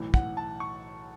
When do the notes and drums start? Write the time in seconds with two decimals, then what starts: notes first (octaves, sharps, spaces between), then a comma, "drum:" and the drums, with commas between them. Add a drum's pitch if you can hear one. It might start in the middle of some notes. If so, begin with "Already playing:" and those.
Already playing: B1 A2 E3
0.14 F#5, drum: kick
0.37 A5
0.60 C#6